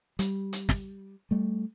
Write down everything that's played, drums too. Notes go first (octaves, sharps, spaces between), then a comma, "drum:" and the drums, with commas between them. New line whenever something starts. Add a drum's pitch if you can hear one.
G3, drum: hi-hat
drum: hi-hat
drum: snare
G3 A3